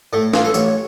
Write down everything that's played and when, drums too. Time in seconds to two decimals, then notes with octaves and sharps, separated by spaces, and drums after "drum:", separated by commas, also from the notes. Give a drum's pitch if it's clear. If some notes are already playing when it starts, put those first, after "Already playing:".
0.13 A2 A3
0.33 E3 F4, drum: snare
0.44 A4
0.54 A1 C#5, drum: tambourine